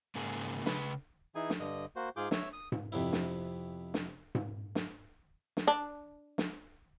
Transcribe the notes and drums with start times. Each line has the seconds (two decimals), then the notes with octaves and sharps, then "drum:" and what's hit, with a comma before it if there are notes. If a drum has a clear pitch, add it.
0.15 G#2 C#3 A#3 G#4
0.66 C#3 B4, drum: snare
1.35 E3 D#4 E4 G#4 G#5
1.50 drum: snare
1.60 G2 D3 D#5
1.96 A#3 F#4 C5
2.16 G#2 F4 G#4 D6 G6
2.31 C#5 E5, drum: snare
2.53 D#6
2.72 drum: tom G#2
2.92 F2 C3 B3 E4
3.13 drum: snare
3.94 drum: snare
4.35 drum: tom G#2
4.75 drum: snare
5.57 drum: snare
5.67 D4
6.38 drum: snare